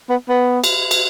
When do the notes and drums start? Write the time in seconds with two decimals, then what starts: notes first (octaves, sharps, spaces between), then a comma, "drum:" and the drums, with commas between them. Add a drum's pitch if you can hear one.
0.09 B3
0.29 B3
0.64 drum: cymbal
0.91 drum: cymbal